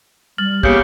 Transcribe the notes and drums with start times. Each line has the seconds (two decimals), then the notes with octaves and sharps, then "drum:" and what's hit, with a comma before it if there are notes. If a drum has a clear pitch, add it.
0.38 G3 F6 A6 F#7
0.63 C#3 A#3 B3 G4 G6 C#7, drum: kick